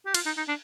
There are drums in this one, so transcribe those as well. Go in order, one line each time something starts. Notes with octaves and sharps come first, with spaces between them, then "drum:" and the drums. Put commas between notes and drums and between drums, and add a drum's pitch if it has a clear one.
G4
F4, drum: cymbal
D#4
D#4
D4